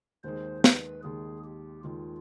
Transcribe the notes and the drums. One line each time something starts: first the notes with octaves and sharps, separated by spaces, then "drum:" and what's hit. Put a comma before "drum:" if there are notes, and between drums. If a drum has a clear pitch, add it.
D#2 D#3 G#3 C5
B4, drum: snare
D#2 D#3 G#3 G#4
G4
D#2 D#3 G#3 F4